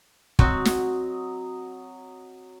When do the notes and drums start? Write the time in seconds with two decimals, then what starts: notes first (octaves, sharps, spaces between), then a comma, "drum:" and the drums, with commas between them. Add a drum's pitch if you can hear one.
0.39 F#3 C4 F#4 D#5, drum: kick
0.65 drum: snare